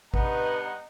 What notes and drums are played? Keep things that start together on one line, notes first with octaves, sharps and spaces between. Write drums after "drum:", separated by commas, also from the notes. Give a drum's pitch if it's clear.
G2 B3 D#4 B4 F#5, drum: kick A1